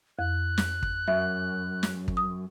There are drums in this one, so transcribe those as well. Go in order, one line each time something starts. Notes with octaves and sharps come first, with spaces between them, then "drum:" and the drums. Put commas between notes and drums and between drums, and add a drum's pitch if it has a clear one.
F2 F#6
drum: snare
drum: kick
F#2 E5
drum: snare
drum: kick
D#6